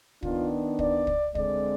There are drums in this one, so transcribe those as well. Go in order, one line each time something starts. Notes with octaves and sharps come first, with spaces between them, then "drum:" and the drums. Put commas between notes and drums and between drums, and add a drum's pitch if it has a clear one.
D#3 B3 D4 F4, drum: kick
D5, drum: kick
drum: kick
D3 G#3 C4 D5, drum: kick